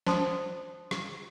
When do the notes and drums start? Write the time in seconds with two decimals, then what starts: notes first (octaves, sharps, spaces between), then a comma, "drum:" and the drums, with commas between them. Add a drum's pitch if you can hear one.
0.07 C5 A5 C6 D#6, drum: snare
0.91 drum: rim click